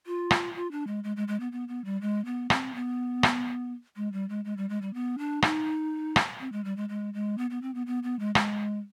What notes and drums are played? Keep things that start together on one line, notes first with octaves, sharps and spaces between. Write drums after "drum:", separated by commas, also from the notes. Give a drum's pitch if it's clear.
F4
drum: rim click
F4
D4
G#3
G#3
G#3
G#3
B3
B3
B3
G3
G#3
B3
C4, drum: rim click
B3
drum: rim click
G#3
G3
G#3
G#3
G3
G#3
G3
B3
D4
D#4, drum: rim click
drum: rim click
C4
G#3
G3
G#3
G#3
G#3
B3
B3
C4
B3
B3
B3
G#3
G#3, drum: rim click